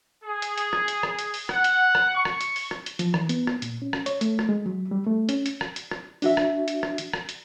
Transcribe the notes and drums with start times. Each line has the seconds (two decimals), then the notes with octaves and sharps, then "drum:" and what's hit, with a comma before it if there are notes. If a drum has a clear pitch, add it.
0.24 G#4
0.42 drum: hi-hat
0.58 drum: hi-hat
0.73 drum: rim click
0.88 drum: hi-hat
1.03 drum: rim click
1.19 drum: hi-hat
1.34 drum: open hi-hat
1.49 F#5, drum: rim click
1.64 drum: hi-hat
1.95 drum: rim click
2.15 C#6
2.25 drum: rim click
2.41 drum: hi-hat
2.56 drum: open hi-hat
2.71 drum: rim click
2.86 drum: hi-hat
2.99 F3, drum: hi-hat
3.14 E3, drum: rim click
3.29 B3, drum: hi-hat
3.47 drum: rim click
3.62 A#2, drum: hi-hat
3.82 C#4
3.93 drum: rim click
4.06 C#5, drum: hi-hat
4.21 A3, drum: hi-hat
4.39 drum: rim click
4.49 G#3
4.66 F#3
4.91 G3
5.06 A3
5.29 C#4, drum: hi-hat
5.46 drum: hi-hat
5.61 drum: rim click
5.76 drum: hi-hat
5.91 drum: rim click
6.22 D4 F#4 E5, drum: open hi-hat
6.37 drum: rim click
6.68 drum: hi-hat
6.83 drum: rim click
6.98 drum: hi-hat
7.13 drum: rim click
7.29 drum: hi-hat